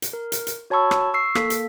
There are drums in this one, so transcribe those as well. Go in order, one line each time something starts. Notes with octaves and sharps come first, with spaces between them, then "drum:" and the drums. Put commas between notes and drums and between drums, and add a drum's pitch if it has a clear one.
drum: hi-hat
A#4
drum: hi-hat
drum: hi-hat
F#4 C#5 A5 B5 C#6 E6
drum: rim click
C#6 E6 C7
A#3 A4 B6, drum: rim click
drum: hi-hat